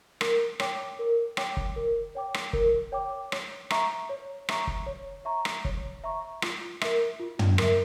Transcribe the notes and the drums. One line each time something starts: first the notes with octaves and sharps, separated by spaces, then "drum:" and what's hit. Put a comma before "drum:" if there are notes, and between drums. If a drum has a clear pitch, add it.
A#4, drum: rim click
C#5 G5 D6, drum: rim click
A#4
C#5 G5 D6, drum: rim click
drum: kick
A#4
C#5 G5 D6
drum: rim click
A#4, drum: kick
C#5 G5 D6
C#5, drum: rim click
E5 A#5 C#6, drum: rim click
C#5
E5 A#5 C#6, drum: rim click
drum: kick
C#5
E5 A#5 C#6
drum: rim click
C#5, drum: kick
E5 A#5 C#6
F4, drum: rim click
A#4 E5, drum: rim click
F4
drum: tom
A#4 E5, drum: rim click